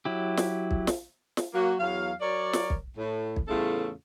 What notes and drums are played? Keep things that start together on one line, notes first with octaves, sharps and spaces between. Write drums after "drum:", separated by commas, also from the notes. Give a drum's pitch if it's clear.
F#3 E4 G4
drum: snare
drum: kick B1
drum: snare
drum: snare
F#3 A#3 F#4
E2 F#3 F5
F#3 A#4 C#5 D5
drum: snare
drum: kick B1
A2
drum: kick B1
E2 A2 C#3 A3 F4 A4